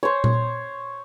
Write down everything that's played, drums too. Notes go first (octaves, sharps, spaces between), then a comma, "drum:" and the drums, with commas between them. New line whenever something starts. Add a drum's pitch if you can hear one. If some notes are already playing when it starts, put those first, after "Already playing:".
C5 C#5
drum: tom A#2